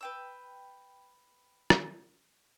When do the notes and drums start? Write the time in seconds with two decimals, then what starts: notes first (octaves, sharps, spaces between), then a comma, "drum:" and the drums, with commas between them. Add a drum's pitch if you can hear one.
0.01 B4 G5 E6
1.70 drum: rim click